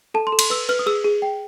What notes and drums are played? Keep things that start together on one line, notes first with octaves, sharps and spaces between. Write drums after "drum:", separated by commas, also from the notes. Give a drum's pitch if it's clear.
A4 A5
C6
A4
C6, drum: cymbal
B4 E6
B4 F6
D#6
G#4 E6
G#4
G5